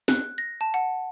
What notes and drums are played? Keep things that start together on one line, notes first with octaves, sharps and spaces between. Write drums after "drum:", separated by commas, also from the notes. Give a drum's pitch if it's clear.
F#6, drum: snare
A#6
A5
F#5